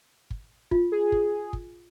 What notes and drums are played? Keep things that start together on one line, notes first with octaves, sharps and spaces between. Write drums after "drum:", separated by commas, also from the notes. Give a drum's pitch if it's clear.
drum: kick
F4, drum: kick
G#4
drum: kick
drum: kick